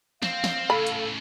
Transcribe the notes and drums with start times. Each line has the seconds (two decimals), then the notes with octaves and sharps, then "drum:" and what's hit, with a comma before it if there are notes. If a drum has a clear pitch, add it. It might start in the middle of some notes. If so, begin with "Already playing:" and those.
0.22 C4 F5, drum: snare
0.44 drum: snare
0.70 A2 C#3 A4 B5
0.87 drum: hi-hat